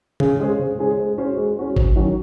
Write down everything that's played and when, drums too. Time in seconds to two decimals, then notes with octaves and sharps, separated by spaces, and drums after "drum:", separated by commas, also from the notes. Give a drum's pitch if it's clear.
0.20 C#3, drum: tom C#3
0.40 G#3 C#4 G#4 C5
0.59 C#3
0.79 G#3 C#4 G#4 C5
0.98 G#3
1.18 C#4 F#4 C5
1.37 G#3
1.57 C#4 F#4 C5
1.77 F#2, drum: kick G#1
1.96 D#3 F#3 C#4 F#4